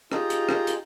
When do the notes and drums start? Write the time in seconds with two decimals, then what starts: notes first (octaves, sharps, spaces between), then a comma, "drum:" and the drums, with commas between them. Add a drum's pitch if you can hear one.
0.12 D#4 F4 G4 G#4 A#5, drum: rim click
0.30 drum: hi-hat
0.49 drum: rim click
0.67 drum: hi-hat